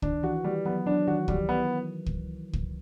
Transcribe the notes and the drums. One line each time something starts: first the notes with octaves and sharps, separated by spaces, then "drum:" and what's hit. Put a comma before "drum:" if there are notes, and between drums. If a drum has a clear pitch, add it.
D#3 D4, drum: kick
E3 F#4
G3
F#3 B3
F#3 D4
D#3 F#4
E3 G3, drum: kick
B3
drum: kick
drum: kick